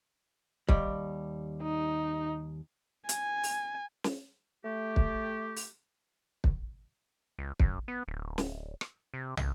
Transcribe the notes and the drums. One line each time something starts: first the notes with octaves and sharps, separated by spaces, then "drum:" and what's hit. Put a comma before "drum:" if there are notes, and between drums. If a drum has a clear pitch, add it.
D#2 G3, drum: kick
D#4
G#5, drum: hi-hat
drum: open hi-hat
drum: snare
A3 G4
drum: kick
drum: open hi-hat
drum: kick
C#2
F#2, drum: kick
B3
D1
drum: snare
drum: rim click
C3
C#2, drum: tom